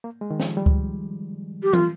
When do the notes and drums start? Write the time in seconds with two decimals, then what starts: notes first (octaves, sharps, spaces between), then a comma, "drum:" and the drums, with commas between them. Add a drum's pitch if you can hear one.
0.04 A#3
0.21 G#3
0.31 D#3
0.40 F3, drum: snare
0.57 G3
0.66 drum: kick C#2
1.63 G4
1.73 F4, drum: tom